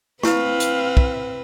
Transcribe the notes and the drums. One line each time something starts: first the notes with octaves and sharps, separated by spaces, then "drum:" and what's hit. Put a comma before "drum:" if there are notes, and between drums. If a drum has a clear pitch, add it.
C4 E4 B4 F5 C#6, drum: snare
drum: hi-hat
drum: kick